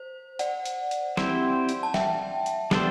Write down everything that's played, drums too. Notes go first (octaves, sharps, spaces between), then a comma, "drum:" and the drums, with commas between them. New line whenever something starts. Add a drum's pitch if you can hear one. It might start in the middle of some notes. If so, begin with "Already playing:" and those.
Already playing: C5
D5 F#5, drum: hi-hat
drum: hi-hat
drum: hi-hat
C4 E4 G4 C5, drum: snare
drum: hi-hat
A5
E5 G5, drum: snare
drum: hi-hat
G3 B3 D4 A4 C5, drum: snare